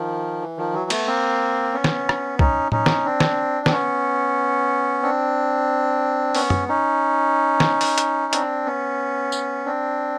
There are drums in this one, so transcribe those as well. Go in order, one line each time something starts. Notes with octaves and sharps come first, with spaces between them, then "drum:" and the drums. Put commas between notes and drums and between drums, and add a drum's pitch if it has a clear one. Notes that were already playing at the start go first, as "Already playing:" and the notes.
Already playing: D#3 F3
E3
D#3 F3
E3 F#3
A3 B3, drum: cymbal
A#3 C4
B3 C#4
drum: snare
drum: rim click
C#4 D#4, drum: kick
C#4 D#4, drum: tom A2
drum: snare
C4 D4
drum: snare
C4, drum: snare
B3 C#4
C4 D4
B3 C#4, drum: open hi-hat
drum: tom F#2
C#4 D#4
drum: snare
drum: open hi-hat
drum: hi-hat
C4 D4, drum: hi-hat
B3 C#4
drum: tambourine
C4 D4